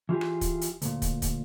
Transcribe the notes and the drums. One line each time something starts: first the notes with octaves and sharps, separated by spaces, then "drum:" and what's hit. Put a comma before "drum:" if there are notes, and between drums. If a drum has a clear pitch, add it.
E3 F4 G4 G#4
drum: rim click
drum: kick, hi-hat
drum: hi-hat
D2 A#2, drum: hi-hat
drum: kick, hi-hat
drum: kick, hi-hat